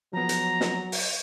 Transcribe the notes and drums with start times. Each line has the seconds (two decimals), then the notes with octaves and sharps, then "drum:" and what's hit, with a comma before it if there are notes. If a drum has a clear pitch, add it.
0.13 F3 F#3 B3 A#5
0.29 drum: hi-hat
0.61 drum: snare
0.92 drum: open hi-hat